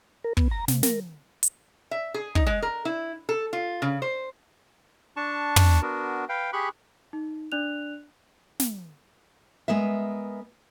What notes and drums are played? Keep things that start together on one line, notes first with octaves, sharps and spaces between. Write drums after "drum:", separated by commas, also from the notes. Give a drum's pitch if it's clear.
A#4
B3, drum: kick
A#5
C3, drum: snare
A#4, drum: snare
drum: hi-hat
E5
G#4
D#4, drum: kick
G#3
A#4
E4
A4
F4
C#3
C5
D4 A5 C#6
drum: tom
B3 D4 F#4 A#4
B4 F5 G5
G4 G#4 B5 C#6 F#6
D#4
D4 D5 F#6 F7
drum: snare
G#3 B3 A#4 E5